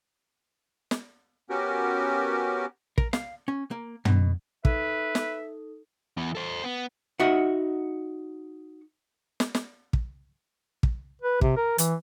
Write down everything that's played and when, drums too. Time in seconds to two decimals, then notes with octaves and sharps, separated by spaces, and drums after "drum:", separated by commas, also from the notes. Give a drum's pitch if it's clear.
0.91 drum: snare
1.50 B3 C#4 F#4 G4 A#4
2.98 A#4, drum: kick
3.13 F5, drum: snare
3.48 C#4
3.71 A#3
4.05 B2, drum: tom
4.65 D#4 A4 B4 E5, drum: kick
5.15 drum: snare
6.17 E3 B3
6.35 A4 C5
6.64 B3
7.20 D#4 F#4 E5 F#5
9.40 drum: snare
9.55 drum: snare
9.93 drum: kick
10.83 drum: kick
11.22 B4
11.41 C3, drum: kick
11.57 A#4
11.78 E3, drum: hi-hat